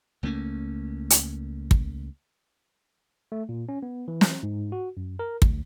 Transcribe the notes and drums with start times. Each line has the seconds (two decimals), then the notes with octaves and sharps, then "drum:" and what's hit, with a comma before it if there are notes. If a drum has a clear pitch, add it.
0.23 C#2 A3 A#3 C#4
1.10 drum: hi-hat
1.71 drum: kick
3.32 A3
3.49 A#2
3.69 C#4
3.83 B3
4.08 E3
4.21 drum: snare
4.43 G#2
4.72 F#4
4.97 F#2
5.19 A#4
5.42 D2, drum: kick